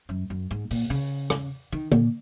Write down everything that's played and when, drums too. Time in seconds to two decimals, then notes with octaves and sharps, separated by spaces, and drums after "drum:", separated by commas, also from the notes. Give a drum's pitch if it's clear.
0.09 F#2
0.30 F#2
0.51 G#2
0.71 A#2, drum: open hi-hat
0.90 C#3
1.30 drum: rim click
1.72 D#3
1.92 A#2, drum: tom